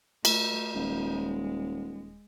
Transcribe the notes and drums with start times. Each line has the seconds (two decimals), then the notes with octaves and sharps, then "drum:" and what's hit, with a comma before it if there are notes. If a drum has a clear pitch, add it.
0.25 A3, drum: cymbal
0.75 D#1 G#3